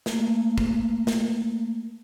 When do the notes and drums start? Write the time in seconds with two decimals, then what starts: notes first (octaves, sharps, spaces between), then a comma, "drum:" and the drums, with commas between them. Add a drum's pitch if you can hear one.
0.06 A3 A#3, drum: snare
0.58 drum: kick
1.07 drum: snare